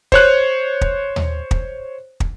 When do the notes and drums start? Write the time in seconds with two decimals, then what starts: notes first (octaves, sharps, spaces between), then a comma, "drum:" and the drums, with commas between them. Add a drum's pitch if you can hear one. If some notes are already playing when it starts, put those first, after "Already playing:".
0.12 C5 C#5 F#6, drum: kick
0.81 drum: kick
1.16 drum: tom D#2
1.51 drum: kick
2.20 drum: kick